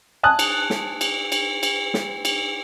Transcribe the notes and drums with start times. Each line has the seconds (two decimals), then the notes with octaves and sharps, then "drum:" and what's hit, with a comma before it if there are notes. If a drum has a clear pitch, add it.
0.23 G#5 A5 D#6 F#6
0.39 drum: cymbal
0.70 drum: snare
1.01 drum: cymbal
1.32 drum: cymbal
1.63 drum: cymbal
1.94 drum: snare
2.25 drum: cymbal